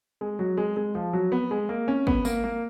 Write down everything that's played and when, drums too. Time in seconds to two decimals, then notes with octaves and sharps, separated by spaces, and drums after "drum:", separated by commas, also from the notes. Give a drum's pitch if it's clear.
0.21 G#3
0.39 F#3
0.57 G#3
0.77 G#3
0.95 F3
1.13 F#3
1.32 B3
1.51 G#3
1.69 A#3
1.88 C#4
2.07 B3, drum: kick G#1
2.25 A#3, drum: tambourine
2.44 A#3